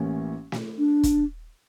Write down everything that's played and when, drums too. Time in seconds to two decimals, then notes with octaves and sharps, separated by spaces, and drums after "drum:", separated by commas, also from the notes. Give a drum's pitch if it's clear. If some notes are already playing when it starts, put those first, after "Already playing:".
Already playing: A1 E3 A#3 C#4
0.52 drum: snare
0.78 D4
1.03 drum: kick, hi-hat